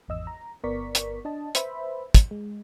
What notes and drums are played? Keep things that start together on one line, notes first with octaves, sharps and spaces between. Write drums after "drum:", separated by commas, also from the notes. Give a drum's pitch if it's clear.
G#1 E2 D#5 E6
A#5
G1 B3 A#4 D5 C#6 B6
drum: hi-hat
D4 D#5 A5
B4 C5 E5 B5, drum: hi-hat
drum: kick, hi-hat
G#3